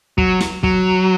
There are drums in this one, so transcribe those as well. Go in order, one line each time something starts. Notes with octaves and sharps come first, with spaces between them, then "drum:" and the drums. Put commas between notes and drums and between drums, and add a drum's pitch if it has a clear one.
F#3, drum: kick
drum: snare
F#3, drum: kick